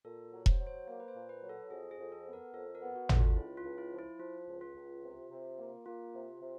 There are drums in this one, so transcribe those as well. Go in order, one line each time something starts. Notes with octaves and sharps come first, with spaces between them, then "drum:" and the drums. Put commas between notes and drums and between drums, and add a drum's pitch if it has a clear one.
A#2 A4
F#3
C5, drum: kick E1
F#3
C5
A#3 C5
B4
C5
A#2
B4
F#3
A4
F2 G#4
G#4
F2
A4
B3
A#4
F2 A4
A#4
B3
F#4
D3, drum: tom G#1
F4
C#2 E4
F4
C#2
E4
F3
E4
F3 F4
C#2
F4
C#2
C3
C3
A#3
A#3 F4
C3
C3